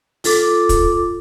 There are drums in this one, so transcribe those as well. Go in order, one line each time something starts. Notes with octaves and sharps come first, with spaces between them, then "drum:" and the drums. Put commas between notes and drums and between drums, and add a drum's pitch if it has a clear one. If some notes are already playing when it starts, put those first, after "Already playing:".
F4 A4 D6, drum: open hi-hat
drum: kick, hi-hat